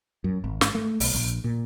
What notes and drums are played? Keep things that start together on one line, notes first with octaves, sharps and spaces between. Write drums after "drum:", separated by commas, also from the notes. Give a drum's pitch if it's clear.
F#2
G#1
G#2, drum: snare
A3
B1, drum: open hi-hat
A#1
A#2